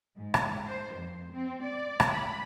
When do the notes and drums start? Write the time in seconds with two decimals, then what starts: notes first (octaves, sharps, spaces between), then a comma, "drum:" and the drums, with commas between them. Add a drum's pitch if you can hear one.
0.17 G#2
0.34 drum: rim click
0.66 C5
0.96 F2
1.32 C4
1.63 D5
2.00 drum: rim click
2.11 B5